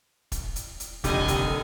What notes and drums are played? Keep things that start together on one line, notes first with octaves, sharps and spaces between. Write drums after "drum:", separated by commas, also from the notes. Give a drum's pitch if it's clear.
drum: kick, hi-hat
drum: hi-hat
drum: hi-hat
F1 D#2 A#2 D3 G4 D#5 G#5, drum: kick, hi-hat
drum: kick, hi-hat